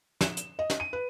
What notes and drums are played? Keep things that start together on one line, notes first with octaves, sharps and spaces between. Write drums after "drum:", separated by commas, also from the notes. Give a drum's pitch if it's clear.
E7, drum: snare
drum: hi-hat
D#5
drum: snare
D#7
B4